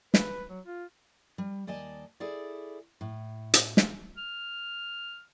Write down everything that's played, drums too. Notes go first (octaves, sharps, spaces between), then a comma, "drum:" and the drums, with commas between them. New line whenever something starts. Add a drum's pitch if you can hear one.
B4, drum: snare
F#3
F4
G3
D#2 D5 D#5 G#5 A5
E4 G#4 A4 D5
A2
drum: hi-hat
drum: snare
F6